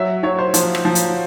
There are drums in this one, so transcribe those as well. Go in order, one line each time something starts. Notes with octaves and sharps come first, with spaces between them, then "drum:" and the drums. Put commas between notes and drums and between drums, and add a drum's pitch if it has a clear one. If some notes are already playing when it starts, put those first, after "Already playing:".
Already playing: F#3 E5
F#3 C#5
C5
F3 C5, drum: hi-hat
drum: rim click
F3
drum: hi-hat